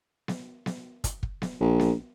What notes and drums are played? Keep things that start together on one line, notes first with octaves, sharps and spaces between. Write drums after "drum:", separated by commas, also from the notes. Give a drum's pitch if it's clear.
drum: snare B3
drum: snare B3
drum: kick, hi-hat
drum: kick
drum: snare B3
A#1
drum: snare B3